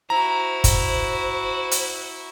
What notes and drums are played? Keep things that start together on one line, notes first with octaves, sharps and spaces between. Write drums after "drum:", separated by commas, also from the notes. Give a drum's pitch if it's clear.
E4 F#4 C5 A#5
drum: kick, hi-hat
drum: hi-hat